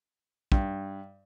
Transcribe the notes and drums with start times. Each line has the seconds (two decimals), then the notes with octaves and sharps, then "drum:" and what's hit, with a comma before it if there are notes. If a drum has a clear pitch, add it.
0.52 G2, drum: kick